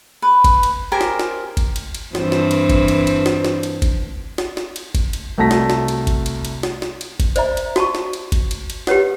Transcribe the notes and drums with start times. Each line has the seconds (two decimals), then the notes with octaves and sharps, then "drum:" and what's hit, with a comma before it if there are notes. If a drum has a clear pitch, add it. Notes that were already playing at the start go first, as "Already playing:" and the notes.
0.22 B4
0.44 drum: kick G1, cymbal
0.63 drum: cymbal
0.92 G4 A#4 C5 G#5
1.01 drum: snare
1.20 drum: snare
1.57 drum: kick G1, cymbal
1.76 drum: cymbal
1.95 drum: cymbal
2.15 G2 E3 C4, drum: snare
2.32 drum: snare
2.51 drum: cymbal
2.70 drum: kick G1, cymbal
2.88 drum: cymbal
3.07 drum: cymbal
3.26 drum: snare
3.45 drum: snare
3.63 drum: cymbal
3.82 drum: kick G1, cymbal
4.38 drum: snare
4.57 drum: snare
4.76 drum: cymbal
4.95 drum: kick G1, cymbal
5.13 drum: cymbal
5.38 C2 A3 F#4 A5 A#6 B6
5.51 drum: snare
5.70 drum: snare
5.88 drum: cymbal
6.07 drum: kick G1, cymbal
6.26 drum: cymbal
6.45 drum: cymbal
6.63 drum: snare
6.82 drum: snare
7.01 drum: cymbal
7.20 drum: kick G1, cymbal
7.36 C5 D5 E5 A#5, drum: cymbal
7.57 drum: cymbal
7.76 F#4 A5 C#6, drum: snare
7.95 drum: snare
8.13 drum: cymbal
8.32 drum: kick G1, cymbal
8.51 drum: cymbal
8.70 drum: cymbal
8.87 G4 B4 C#5 F#5, drum: snare